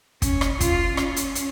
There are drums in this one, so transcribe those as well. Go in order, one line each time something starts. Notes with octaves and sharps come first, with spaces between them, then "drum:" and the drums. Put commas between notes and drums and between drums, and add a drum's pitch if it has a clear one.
C#4, drum: kick, hi-hat
drum: rim click
F4, drum: kick, hi-hat
C#4, drum: rim click
drum: hi-hat
drum: hi-hat